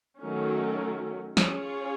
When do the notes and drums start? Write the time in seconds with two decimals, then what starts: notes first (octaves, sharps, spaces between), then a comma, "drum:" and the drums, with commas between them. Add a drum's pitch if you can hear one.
0.20 D#3 F#3 A3 C#4
1.37 C#4 F4 G#4 C#5, drum: snare